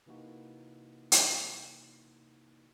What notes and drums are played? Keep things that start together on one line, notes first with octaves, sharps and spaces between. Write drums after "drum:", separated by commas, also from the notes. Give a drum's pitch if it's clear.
C3 E3 A#3 D#4 F#4
drum: hi-hat